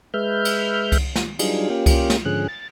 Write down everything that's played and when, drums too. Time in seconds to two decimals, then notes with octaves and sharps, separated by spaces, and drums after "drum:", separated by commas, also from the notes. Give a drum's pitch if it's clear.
0.14 G#3 B4 E5 F6 G6
0.45 drum: cymbal
0.92 drum: kick C2, cymbal
1.16 drum: snare
1.39 F#3 G3 D4 D#4 F4 G#4, drum: cymbal
1.70 A#3 C#4 F4 G4
1.86 drum: kick C2, cymbal
2.10 drum: snare
2.25 G#2 D3 F3 C#4 G#4 F#6
2.48 A6